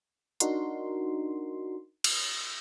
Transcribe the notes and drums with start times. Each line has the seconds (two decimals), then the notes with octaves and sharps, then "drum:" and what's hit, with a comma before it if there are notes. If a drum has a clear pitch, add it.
0.40 D4 D#4 F#4 A#4 C6, drum: hi-hat
2.04 drum: cymbal